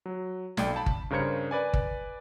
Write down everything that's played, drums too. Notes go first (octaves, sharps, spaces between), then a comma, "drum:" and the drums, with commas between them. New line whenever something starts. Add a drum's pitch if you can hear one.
F#3
B1 D5 G5, drum: snare
A5 B5
drum: kick G1
G2 C#3 A#4 C5 G#6 C#7
B4 D5 G#5
drum: kick G1